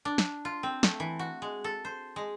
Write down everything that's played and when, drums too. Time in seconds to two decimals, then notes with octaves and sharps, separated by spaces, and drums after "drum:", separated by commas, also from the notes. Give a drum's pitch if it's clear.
0.05 D4
0.18 drum: snare
0.45 F4
0.63 C4
0.83 A3, drum: snare
1.00 E3
1.19 F#4
1.42 G#3
1.64 A4
1.85 C5
2.16 G#3